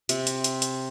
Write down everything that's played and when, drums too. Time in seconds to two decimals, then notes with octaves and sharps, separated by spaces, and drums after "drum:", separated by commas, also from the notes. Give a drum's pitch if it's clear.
0.09 C3, drum: hi-hat
0.27 drum: hi-hat
0.44 drum: hi-hat
0.62 drum: hi-hat